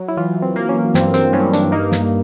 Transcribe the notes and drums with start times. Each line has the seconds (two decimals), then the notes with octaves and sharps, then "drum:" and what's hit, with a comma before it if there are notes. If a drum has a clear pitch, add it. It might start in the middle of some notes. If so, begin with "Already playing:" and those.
Already playing: F#3
0.08 E4
0.17 E3 F4
0.42 C4
0.56 A#3
0.69 C#4
0.94 G2 C4, drum: snare
1.14 C4, drum: hi-hat
1.33 G2 C#4
1.53 D4, drum: hi-hat
1.72 A#3 D#4
1.92 drum: snare